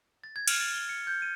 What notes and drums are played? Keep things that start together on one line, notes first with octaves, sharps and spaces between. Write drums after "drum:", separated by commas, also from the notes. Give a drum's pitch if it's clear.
A6
G#6
F6, drum: cymbal
A6
G7
C#7
G6
D#7